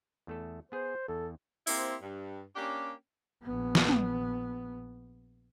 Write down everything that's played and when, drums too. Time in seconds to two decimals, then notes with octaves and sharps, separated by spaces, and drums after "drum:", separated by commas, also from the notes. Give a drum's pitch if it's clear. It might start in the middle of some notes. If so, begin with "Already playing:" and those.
0.27 E2 A3 A4
0.72 B3 G#4 C5
1.08 E2 A4
1.67 A#3 C4 E4 G4 C5, drum: open hi-hat
2.03 G2
2.56 A#3 C#4 D4 G4
3.42 A#1 B3
3.75 drum: snare
3.89 drum: tom